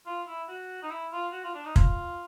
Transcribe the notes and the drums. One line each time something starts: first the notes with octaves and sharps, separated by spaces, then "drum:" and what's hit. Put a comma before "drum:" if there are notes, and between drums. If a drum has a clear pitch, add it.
F4
E4
F#4
D#4
E4
F4
F#4
F4
D4
D#4
F4, drum: kick